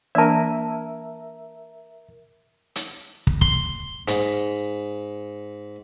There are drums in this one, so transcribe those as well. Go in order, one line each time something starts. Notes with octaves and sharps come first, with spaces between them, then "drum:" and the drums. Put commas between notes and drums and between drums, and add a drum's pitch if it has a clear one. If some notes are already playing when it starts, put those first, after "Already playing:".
E3 A#3 D4 A#4 D5 E5 A5
drum: hi-hat
drum: kick
C6, drum: kick
G#2, drum: hi-hat